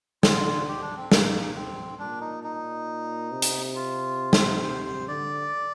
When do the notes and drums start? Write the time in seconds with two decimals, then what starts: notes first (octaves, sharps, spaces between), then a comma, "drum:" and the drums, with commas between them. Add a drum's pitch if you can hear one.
0.23 D3 F4, drum: snare
0.68 G4
0.82 D4
0.96 C4
1.12 A#3, drum: snare
1.55 C4
1.99 A#2 D4
2.21 D#4
2.44 D#4
3.32 C3
3.42 drum: hi-hat
3.75 F4
4.33 drum: snare
4.63 C5
4.86 C5
5.08 D3 D5